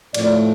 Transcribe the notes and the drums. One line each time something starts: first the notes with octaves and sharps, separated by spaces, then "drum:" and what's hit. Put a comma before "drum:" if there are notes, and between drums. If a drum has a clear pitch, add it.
A2 F3 A3 C4 D5, drum: cymbal